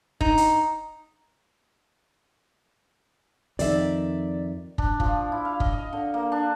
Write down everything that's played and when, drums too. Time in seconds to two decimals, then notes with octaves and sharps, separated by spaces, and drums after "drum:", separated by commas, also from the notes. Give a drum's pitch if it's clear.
0.21 D#4, drum: kick
0.37 drum: hi-hat
3.59 F2 D#3 D5 E5, drum: hi-hat
4.78 D4, drum: kick
5.00 F3, drum: kick
5.32 E4
5.45 F5
5.60 D#5, drum: kick
5.73 D#5
5.93 D3
6.14 A#3
6.32 D4